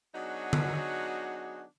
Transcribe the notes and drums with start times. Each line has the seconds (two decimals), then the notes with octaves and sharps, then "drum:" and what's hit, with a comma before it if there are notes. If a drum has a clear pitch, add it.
0.15 F#3 B3 D4 D#4 F#4 G#4
0.53 drum: tom D3